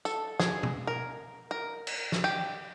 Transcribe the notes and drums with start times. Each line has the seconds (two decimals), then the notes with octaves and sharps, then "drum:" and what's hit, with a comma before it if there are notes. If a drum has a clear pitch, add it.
0.05 A4, drum: tambourine
0.40 G#4, drum: snare
0.63 drum: tom
0.87 A#4
1.51 A#4
1.87 drum: cymbal
2.12 drum: snare
2.24 G4